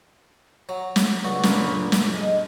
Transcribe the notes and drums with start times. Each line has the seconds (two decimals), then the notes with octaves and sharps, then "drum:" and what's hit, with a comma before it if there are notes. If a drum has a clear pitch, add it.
0.69 F#3 A#5
0.96 drum: snare
1.24 C#2 D4 F#4
1.43 F#2 A#2 D3 B4 C#5, drum: snare
1.92 drum: snare
2.14 G#3 D#5 A5